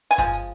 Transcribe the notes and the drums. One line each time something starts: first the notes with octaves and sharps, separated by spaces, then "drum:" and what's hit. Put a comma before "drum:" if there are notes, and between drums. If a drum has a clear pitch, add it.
G#5
F3 G#3, drum: kick G1
drum: hi-hat